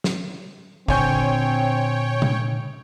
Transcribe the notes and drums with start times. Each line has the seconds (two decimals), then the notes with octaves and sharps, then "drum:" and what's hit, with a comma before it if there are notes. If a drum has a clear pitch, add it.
0.04 drum: snare
0.88 A#2 D3 C4 C#5 G5 G#5 C#6 G6, drum: kick
2.22 drum: tom C3